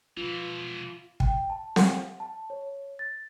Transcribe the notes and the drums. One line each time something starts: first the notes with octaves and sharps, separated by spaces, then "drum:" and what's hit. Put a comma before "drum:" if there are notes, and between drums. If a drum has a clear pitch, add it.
B2 E3 F4
G5, drum: kick
A5
F#5, drum: snare C4
A5
C#5
A6